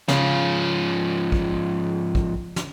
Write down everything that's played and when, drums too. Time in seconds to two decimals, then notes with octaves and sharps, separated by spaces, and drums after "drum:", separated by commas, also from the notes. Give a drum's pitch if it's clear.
0.08 G#2 C#3 F3, drum: snare
1.32 drum: kick
2.15 drum: kick
2.56 drum: snare